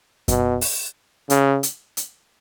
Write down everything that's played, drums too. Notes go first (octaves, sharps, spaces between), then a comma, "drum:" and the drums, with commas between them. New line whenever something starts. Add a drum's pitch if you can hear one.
B2, drum: kick F#2, hi-hat
drum: open hi-hat
C#3, drum: hi-hat
drum: hi-hat
drum: hi-hat